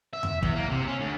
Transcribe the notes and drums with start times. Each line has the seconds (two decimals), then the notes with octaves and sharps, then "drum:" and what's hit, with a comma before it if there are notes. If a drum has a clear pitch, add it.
0.13 E5
0.23 drum: tom E2
0.43 E2, drum: kick
0.56 A#3
0.70 C3
0.87 C#4
1.00 D2